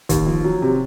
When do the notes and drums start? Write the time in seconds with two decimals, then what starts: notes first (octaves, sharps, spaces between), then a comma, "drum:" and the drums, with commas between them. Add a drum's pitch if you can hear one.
0.09 D#2, drum: kick, hi-hat
0.27 F3
0.44 F#3
0.62 C3